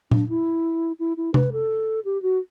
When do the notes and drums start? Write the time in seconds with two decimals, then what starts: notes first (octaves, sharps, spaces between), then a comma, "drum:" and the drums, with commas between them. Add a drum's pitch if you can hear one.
0.11 D4, drum: tom A#2
0.29 E4
0.99 E4
1.17 E4
1.34 B4, drum: tom C3
1.52 A4
2.05 G4
2.22 F#4